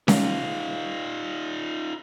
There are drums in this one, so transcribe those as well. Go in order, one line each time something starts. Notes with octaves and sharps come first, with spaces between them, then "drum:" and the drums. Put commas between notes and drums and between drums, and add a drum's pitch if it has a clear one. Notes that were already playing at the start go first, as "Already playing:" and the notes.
D#4 F4, drum: snare C#4